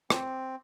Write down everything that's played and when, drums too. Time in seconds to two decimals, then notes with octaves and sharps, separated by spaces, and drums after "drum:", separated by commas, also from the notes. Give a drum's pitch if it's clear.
0.10 C4, drum: rim click